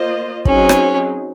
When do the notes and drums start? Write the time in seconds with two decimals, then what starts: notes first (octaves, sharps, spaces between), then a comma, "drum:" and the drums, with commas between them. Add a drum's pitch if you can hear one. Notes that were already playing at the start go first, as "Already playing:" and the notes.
Already playing: A#3 F4 C5 D#5
0.45 F#3 C4 C#4 D#4 G#4, drum: kick
0.69 drum: rim click